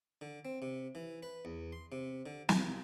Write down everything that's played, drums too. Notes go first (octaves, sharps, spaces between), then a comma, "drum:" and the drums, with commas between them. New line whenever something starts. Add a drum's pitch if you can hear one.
D3
C4
C3
E3
B4
E2
C6
C3
D3
C2, drum: snare